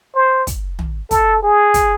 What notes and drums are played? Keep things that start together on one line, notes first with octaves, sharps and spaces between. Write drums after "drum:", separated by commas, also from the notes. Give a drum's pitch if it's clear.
C5
drum: kick, hi-hat
drum: tom
A4, drum: kick, hi-hat
G#4
drum: kick, hi-hat